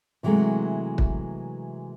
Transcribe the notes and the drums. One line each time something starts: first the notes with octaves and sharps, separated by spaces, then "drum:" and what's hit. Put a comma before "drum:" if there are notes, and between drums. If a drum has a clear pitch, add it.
C3 E3 F#3 G#3 A3
drum: kick